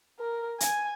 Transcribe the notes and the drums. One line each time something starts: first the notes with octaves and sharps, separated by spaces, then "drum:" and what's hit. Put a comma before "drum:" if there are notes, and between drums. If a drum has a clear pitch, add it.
A#4
G#5, drum: hi-hat